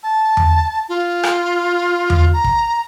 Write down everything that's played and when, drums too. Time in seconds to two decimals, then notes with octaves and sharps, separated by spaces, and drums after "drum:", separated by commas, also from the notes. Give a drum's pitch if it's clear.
0.03 A5
0.37 drum: tom E2
0.89 F4
1.23 drum: rim click
2.10 drum: tom E2
2.33 A#5
2.44 drum: kick